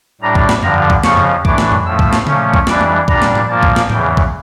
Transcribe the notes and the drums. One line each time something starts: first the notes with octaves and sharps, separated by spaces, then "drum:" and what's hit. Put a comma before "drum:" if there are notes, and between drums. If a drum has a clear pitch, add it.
A2 G3 D4 A#5
drum: kick
drum: snare
G2 D3 F3 A#5, drum: tom F2
drum: kick
F2 C#3 F3 C#6, drum: snare
drum: tom F2
A2 E3 A3 D4 D6, drum: kick
drum: snare
drum: tom F2
A2 F3 A3 E6
drum: kick
drum: snare
A#2 F3 A3 C#4, drum: tom C#3
drum: kick
F2 E3 G3 D4 D6, drum: snare
drum: tom G3
A#2 G3 D4 A#5, drum: kick
drum: snare
drum: tom
A#2 F3 A#3 A5
drum: kick
drum: snare
E2 C#3 E3 G5, drum: tom
drum: kick